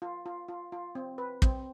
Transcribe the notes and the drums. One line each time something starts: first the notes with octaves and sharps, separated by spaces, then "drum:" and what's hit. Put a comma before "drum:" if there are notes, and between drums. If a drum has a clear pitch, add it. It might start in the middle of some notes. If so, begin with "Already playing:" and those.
F4
F4
F4
F4
C4
B4
C4, drum: kick